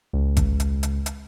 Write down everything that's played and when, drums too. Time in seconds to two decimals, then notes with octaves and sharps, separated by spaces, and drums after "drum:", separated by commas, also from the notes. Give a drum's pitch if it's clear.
0.13 C#2
0.37 drum: kick G#1, hi-hat
0.60 drum: hi-hat
0.83 drum: hi-hat
1.06 drum: hi-hat